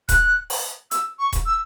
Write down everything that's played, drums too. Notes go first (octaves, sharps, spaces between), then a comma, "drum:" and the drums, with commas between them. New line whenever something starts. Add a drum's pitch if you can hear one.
F#6, drum: kick D#1, hi-hat
drum: open hi-hat
E6, drum: hi-hat
C#6
drum: kick D#1, hi-hat
E6